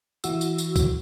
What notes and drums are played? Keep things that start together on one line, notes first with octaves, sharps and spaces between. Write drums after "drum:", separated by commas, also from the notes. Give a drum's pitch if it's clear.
E3 E4 F#4 E6, drum: tambourine
drum: tambourine
drum: tambourine
drum: kick, tambourine